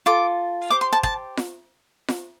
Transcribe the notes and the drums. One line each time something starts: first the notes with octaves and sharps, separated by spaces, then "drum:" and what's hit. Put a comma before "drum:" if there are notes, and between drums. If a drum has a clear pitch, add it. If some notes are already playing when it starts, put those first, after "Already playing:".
F4 A4 D6
G4 C5 D6
C6
A5
A5, drum: kick
drum: snare F4
drum: snare F4